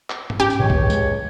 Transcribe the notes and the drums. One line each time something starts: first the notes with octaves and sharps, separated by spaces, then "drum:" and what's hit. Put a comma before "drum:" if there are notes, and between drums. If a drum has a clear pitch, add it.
drum: clap
drum: tom G#2
C#4 G4
drum: tambourine
C#2 A2 D#3 C#5
drum: kick C2
G#3, drum: tambourine